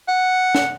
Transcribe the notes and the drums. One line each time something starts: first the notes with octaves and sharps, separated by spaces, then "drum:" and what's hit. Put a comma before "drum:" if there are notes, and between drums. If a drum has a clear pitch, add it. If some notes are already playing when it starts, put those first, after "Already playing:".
F#5
drum: snare